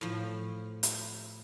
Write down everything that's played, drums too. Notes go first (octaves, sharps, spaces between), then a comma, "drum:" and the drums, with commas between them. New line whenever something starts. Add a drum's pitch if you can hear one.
A2 F3
drum: hi-hat